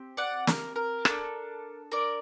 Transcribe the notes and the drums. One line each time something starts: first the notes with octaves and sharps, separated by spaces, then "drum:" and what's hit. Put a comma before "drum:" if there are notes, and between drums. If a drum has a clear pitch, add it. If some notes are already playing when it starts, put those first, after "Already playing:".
Already playing: C4 G4
D5 F#5
A#4, drum: snare
A#4
D4 A4, drum: rim click
A#4 D5